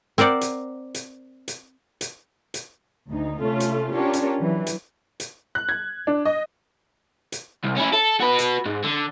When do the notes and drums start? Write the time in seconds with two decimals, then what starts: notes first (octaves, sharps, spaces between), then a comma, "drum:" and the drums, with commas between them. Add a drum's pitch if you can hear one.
0.18 C4 A#4 C5 D5 F#5
0.41 drum: hi-hat
0.94 drum: hi-hat
1.48 drum: hi-hat
2.01 drum: hi-hat
2.54 drum: hi-hat
3.10 D2 D#4
3.41 C3 A3 C#4 F4
3.60 drum: hi-hat
3.95 C#4 D4 F4 G4 A#4 C#5
4.13 drum: hi-hat
4.40 E3 F#3
4.67 drum: hi-hat
5.20 drum: hi-hat
5.55 F#6
5.69 G#6
6.07 D4
6.25 D#5
7.32 drum: hi-hat
7.64 C2
7.77 C#4 E4
7.93 A4
8.20 F#4 B4
8.39 drum: hi-hat
8.66 G#2
8.84 D3